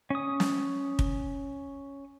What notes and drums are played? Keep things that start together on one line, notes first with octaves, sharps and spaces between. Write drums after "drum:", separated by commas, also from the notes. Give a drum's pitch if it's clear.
C#4 D#6
drum: snare
drum: kick